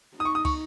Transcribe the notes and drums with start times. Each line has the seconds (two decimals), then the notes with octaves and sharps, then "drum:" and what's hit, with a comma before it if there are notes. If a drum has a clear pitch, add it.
0.16 D#4 D#6
0.25 C#6
0.35 D#6
0.45 C#6, drum: kick, cymbal